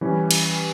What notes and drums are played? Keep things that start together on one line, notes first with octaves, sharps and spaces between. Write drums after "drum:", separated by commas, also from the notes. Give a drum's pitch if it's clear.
E3 G3 C#4
drum: cymbal